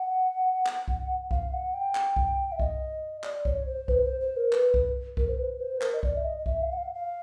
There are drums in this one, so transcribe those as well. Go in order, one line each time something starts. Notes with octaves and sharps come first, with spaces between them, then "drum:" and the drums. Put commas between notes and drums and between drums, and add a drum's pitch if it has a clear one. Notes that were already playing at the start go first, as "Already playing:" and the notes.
Already playing: F#5
drum: clap
drum: kick C2
F5, drum: kick C2
F#5
G5
drum: clap
drum: kick C2
E5
D#5, drum: kick C2
D5, drum: clap
C#5, drum: kick C2
C5
B4, drum: kick C2
C5
C5
A#4
B4, drum: clap
drum: kick C2
A#4, drum: kick C2
C5
B4
C5
B4
A#4, drum: clap
D#5
D5, drum: kick C2
E5
D#5
D#5
E5, drum: kick C2
F5
F#5
F5
F5